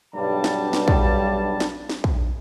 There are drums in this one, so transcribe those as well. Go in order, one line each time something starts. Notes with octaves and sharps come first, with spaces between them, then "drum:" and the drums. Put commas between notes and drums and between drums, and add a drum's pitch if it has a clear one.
B1 G2 G3 A5
drum: snare
drum: snare
drum: kick
drum: snare
drum: snare
drum: kick